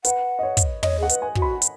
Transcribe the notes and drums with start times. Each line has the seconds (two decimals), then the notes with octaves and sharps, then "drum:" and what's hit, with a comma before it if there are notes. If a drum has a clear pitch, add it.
0.04 B4 F#5, drum: hi-hat
0.39 D#5
0.43 C#5
0.57 drum: kick, hi-hat
0.83 C#5 D#5, drum: tom
0.99 G#4 F#5
1.09 B4, drum: hi-hat
1.22 G#5
1.35 F#4, drum: kick
1.42 B5
1.62 drum: hi-hat